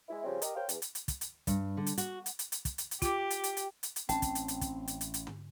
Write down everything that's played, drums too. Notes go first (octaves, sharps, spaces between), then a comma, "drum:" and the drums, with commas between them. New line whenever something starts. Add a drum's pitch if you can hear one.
G#3 E4
C#3 F3 G3 C4 C#4
G4 A#4 D#5, drum: hi-hat
A#4 C5 C#5 F5 G5
E2, drum: hi-hat
drum: hi-hat
drum: hi-hat
drum: kick, hi-hat
drum: hi-hat
G2, drum: kick, hi-hat
D3
drum: hi-hat
F#4, drum: hi-hat
drum: hi-hat
drum: hi-hat
drum: hi-hat
drum: kick, hi-hat
drum: hi-hat
drum: hi-hat
F4 G4 D6, drum: kick, hi-hat
drum: hi-hat
drum: hi-hat
drum: hi-hat
drum: hi-hat
drum: hi-hat
A1 C4 C#4 G5 A5, drum: hi-hat
drum: kick, hi-hat
drum: hi-hat
drum: hi-hat
drum: kick, hi-hat
drum: hi-hat
drum: hi-hat
drum: hi-hat
drum: tom